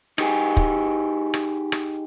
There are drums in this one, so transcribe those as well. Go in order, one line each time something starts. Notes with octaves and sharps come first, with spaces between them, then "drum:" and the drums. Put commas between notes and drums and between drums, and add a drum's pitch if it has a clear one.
D#4 G4 G#4, drum: rim click
drum: kick
drum: rim click
drum: rim click